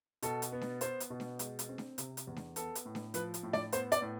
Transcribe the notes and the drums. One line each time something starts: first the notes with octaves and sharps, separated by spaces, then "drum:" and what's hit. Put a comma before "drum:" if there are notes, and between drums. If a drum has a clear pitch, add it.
B2 A4, drum: hi-hat
drum: hi-hat
B3
drum: snare D4
B3 C5, drum: hi-hat
drum: hi-hat
B2
drum: snare D4
G#3, drum: hi-hat
drum: hi-hat
C4
drum: snare D4
C3, drum: hi-hat
drum: hi-hat
E2
drum: snare D4
B3 A4, drum: hi-hat
drum: hi-hat
A2
drum: snare D4
F3 B4, drum: hi-hat
drum: hi-hat
A2
D5, drum: snare D4
B3 C5, drum: hi-hat
D5, drum: hi-hat
A2